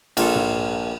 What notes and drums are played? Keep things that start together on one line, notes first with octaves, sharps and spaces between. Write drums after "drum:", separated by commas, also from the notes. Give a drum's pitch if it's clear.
A#1 F4 G#4 A4, drum: cymbal
drum: tom G#2